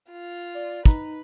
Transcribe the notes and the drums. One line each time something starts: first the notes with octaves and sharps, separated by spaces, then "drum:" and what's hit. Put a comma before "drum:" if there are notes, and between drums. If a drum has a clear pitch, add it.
F4
D5
D#4 B4 A#5, drum: kick